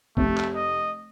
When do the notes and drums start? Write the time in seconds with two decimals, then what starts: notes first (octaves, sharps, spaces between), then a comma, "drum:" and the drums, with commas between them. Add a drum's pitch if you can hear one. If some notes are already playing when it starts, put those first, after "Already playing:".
0.17 F1 C3 A3 G4, drum: kick
0.38 drum: clap
0.56 D#5